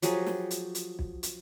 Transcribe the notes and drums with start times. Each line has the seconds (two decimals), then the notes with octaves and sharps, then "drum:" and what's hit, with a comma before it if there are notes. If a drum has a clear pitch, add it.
0.02 F3 F#3 G4 G#4, drum: hi-hat
0.26 drum: snare
0.51 drum: hi-hat
0.75 drum: hi-hat
0.99 drum: kick B1
1.23 drum: hi-hat